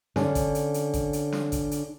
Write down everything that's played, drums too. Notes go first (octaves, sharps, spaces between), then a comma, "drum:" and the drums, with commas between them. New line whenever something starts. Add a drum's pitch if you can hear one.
D3 C#4, drum: snare
drum: kick A1, hi-hat
drum: hi-hat
drum: hi-hat
drum: kick A1, hi-hat
drum: hi-hat
drum: snare
drum: kick A1, hi-hat
drum: hi-hat